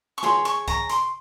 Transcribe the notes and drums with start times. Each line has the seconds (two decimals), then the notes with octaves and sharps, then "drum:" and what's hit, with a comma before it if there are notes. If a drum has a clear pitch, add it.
0.18 C#6
0.23 G#4 C#5 C6, drum: snare
0.45 C#6, drum: hi-hat
0.68 A#5, drum: kick C2, hi-hat
0.89 C6, drum: hi-hat